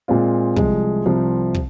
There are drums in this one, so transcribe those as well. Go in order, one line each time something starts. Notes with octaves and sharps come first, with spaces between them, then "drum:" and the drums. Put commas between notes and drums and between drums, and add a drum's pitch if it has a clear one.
A#2 G#3 C4 F4
C2 C3 F3 G#3, drum: kick
C2 C3 F3 C4
drum: kick